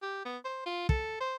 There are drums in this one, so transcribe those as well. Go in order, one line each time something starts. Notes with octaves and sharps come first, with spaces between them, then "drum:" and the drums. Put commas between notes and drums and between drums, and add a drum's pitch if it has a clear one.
G4
B3
C5
F4
A4, drum: kick
C5